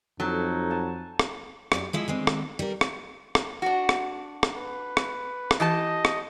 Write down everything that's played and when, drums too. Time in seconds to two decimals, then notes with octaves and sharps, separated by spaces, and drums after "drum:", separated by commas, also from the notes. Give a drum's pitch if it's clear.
0.20 F2 F#3 D#4 A4 A#5
0.70 F#5 G#5 A5
1.19 drum: rim click
1.72 F#2 G4 C#5 D5, drum: rim click
1.93 F3 G#3 E4
2.08 D#3 G#3 C4 D4
2.27 drum: rim click
2.59 G3 A#4
2.81 drum: rim click
3.35 drum: rim click
3.62 D4 F#4
3.89 drum: rim click
4.43 drum: rim click
4.57 B4
4.97 drum: rim click
5.51 drum: rim click
5.60 E3 G4 D#5 A5
6.05 drum: rim click